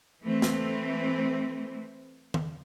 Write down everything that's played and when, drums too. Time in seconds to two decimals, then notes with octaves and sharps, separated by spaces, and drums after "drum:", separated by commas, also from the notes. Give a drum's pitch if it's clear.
0.24 E3 A3 C4
0.42 drum: snare
2.34 drum: tom D#3